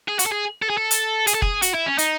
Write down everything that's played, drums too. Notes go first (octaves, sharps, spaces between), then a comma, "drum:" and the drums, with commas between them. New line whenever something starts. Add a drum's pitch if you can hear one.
G#4
F#4, drum: hi-hat
A4
G#4
A4
G#4
A4
drum: hi-hat
G#4, drum: hi-hat
A4
G#4, drum: kick
F#4, drum: hi-hat
E4
C#4
D#4, drum: hi-hat